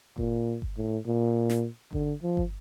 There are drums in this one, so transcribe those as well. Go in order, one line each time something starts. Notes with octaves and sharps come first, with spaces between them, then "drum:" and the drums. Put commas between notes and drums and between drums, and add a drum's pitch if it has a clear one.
A#2, drum: kick G1
drum: kick G1
A2
A#2
drum: snare
D3, drum: kick G1
F3
drum: kick G1